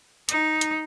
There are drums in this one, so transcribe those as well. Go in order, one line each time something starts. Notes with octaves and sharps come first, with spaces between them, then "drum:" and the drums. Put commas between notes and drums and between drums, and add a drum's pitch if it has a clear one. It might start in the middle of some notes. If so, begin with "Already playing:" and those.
D#4, drum: hi-hat
drum: hi-hat